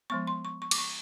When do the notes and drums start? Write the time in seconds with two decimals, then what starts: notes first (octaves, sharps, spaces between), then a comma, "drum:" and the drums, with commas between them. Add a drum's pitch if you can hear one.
0.10 F3 G#3 B3 C#6
0.27 C6
0.45 C#6
0.62 C#6
0.71 D6, drum: cymbal
0.78 C#6